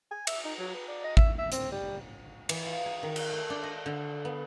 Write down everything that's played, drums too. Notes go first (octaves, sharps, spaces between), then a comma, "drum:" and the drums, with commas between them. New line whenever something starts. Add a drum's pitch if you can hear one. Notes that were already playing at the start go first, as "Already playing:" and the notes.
G#5
E5, drum: cymbal
D#4
F#3
B4
D5
D#5
E5, drum: kick G#1
E5
C4, drum: hi-hat
G3
E3, drum: cymbal
F4
G#4
D#3
drum: cymbal
A3
D4
D#5
D3
B3